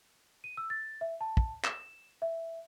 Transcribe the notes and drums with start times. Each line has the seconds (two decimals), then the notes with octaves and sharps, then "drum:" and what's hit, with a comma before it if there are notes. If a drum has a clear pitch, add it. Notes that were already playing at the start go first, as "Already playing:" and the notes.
0.44 D#7
0.57 E6
0.70 A6
1.01 E5
1.21 A5
1.37 drum: kick
1.65 E7, drum: clap
2.22 E5